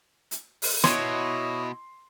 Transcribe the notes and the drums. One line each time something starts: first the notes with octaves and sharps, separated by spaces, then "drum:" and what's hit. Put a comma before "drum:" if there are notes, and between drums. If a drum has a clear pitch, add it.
drum: hi-hat
drum: open hi-hat
B2 E4 C#5 D#5 C6, drum: snare